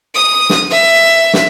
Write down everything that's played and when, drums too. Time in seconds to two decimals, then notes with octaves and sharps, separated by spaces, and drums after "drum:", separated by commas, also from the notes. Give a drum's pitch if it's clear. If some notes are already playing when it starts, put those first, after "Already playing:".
0.15 D#6
0.50 drum: snare
0.71 E5
1.34 drum: snare